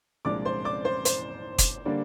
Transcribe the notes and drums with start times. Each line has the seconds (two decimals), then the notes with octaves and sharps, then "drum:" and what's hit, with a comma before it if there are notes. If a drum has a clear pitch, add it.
0.25 C2 A#2 F3 G#3 D4 D5 D6
0.45 C5 C6
0.64 D5 D6
0.85 C5 C6
1.05 C5 C6, drum: hi-hat
1.59 drum: kick, hi-hat
1.85 D3 G3 A#3 D4